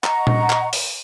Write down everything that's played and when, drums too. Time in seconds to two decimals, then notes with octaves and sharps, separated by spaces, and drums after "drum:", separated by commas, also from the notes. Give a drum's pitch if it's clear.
0.04 D#5 F#5 A#5 C#6, drum: clap
0.27 drum: tom A#2
0.50 drum: clap
0.73 drum: open hi-hat